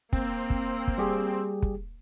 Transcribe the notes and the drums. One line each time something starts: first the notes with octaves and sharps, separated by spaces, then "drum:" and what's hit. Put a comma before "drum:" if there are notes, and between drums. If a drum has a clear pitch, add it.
A#3 C4, drum: kick
drum: kick
drum: kick
G3 G4 G#4
drum: kick